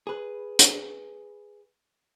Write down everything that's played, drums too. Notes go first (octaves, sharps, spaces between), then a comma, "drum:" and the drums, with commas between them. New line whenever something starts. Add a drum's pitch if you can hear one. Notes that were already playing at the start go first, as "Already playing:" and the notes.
G#4 B4
drum: hi-hat